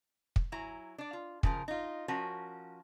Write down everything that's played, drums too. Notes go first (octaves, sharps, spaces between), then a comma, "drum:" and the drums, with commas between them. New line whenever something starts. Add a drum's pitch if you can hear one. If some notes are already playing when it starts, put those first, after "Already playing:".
drum: kick
F#3 E4 G#5 A#5
D4 D5
F4
C#3 F3 A#4, drum: kick
D#4 F4
F3 C#4 F#4 A#4